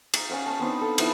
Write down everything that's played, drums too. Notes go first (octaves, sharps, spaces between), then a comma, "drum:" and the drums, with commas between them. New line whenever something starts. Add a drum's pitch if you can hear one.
A#5, drum: cymbal
C#4 C#5 F5 F#5
A5 C#6
B3 C4 D4 D#4
A4
F3 B3 D#4 E4, drum: cymbal